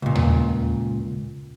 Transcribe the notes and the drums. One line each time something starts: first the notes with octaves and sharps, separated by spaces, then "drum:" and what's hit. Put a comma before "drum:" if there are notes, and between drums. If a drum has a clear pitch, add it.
C#2 A#2
drum: tom D#2